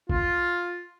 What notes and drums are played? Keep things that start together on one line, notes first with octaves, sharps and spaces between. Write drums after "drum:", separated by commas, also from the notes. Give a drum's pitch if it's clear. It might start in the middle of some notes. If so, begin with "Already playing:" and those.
F4, drum: kick G#1